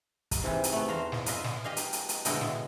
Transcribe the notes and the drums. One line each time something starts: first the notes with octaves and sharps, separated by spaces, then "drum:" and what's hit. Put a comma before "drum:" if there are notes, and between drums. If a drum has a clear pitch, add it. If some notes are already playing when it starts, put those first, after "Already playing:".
drum: kick, hi-hat
G#2 C3 E3
drum: hi-hat
A3 B3
E2 F4 C5 A#5 C6
drum: snare
B3 F4 D#5 E5 G#5, drum: hi-hat
drum: snare
G4 D#5 F5 G#5
drum: hi-hat
drum: hi-hat
drum: hi-hat
B2 D3 G#3 E4 D#5 G5, drum: hi-hat
drum: snare